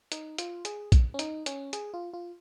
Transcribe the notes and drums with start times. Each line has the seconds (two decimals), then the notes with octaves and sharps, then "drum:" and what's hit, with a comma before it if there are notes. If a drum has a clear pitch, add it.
0.12 D#4, drum: hi-hat
0.38 F4, drum: hi-hat
0.65 G#4, drum: hi-hat
0.92 drum: kick A#1, hi-hat
1.14 C#4
1.19 D#4, drum: hi-hat
1.46 C#4, drum: hi-hat
1.73 G#4, drum: hi-hat
1.94 F4
2.14 F4